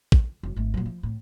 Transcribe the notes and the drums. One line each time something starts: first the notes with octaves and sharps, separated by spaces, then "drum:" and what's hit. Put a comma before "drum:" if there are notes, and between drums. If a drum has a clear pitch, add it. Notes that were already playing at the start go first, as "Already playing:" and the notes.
drum: kick
F#1
G#1 A3
A#2 F#3
F3
A2